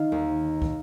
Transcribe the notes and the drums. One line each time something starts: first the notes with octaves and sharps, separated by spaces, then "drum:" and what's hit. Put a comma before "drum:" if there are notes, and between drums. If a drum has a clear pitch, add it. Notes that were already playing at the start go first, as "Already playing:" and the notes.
Already playing: D#3 F5
D#2
drum: kick